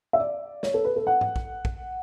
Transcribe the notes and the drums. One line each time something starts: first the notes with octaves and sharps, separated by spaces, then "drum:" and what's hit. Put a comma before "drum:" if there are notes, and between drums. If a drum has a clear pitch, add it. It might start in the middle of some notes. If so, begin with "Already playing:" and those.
E5
D5
C#5, drum: snare
A4
B4
A4
F#5
drum: tom G#2
drum: kick
drum: kick